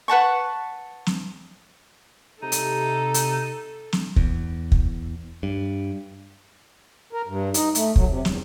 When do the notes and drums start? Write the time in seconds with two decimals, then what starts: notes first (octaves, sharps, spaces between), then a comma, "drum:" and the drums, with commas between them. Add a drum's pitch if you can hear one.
0.08 B4 F#5 A5 C#6
1.06 drum: snare
2.42 C3 D#4 A4
2.52 drum: hi-hat
3.14 drum: hi-hat
3.93 drum: snare
4.16 E2, drum: kick
4.72 drum: kick
5.43 G2
7.13 A#4
7.28 G2
7.54 D#4, drum: hi-hat
7.75 A3, drum: hi-hat
7.96 F#3, drum: kick
8.08 C3
8.25 E2, drum: snare